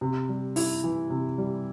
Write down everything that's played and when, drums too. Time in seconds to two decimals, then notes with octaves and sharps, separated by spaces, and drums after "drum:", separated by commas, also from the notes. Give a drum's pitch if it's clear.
0.01 C3
0.29 G3
0.56 E4, drum: open hi-hat
0.84 E3
1.10 C3
1.38 G3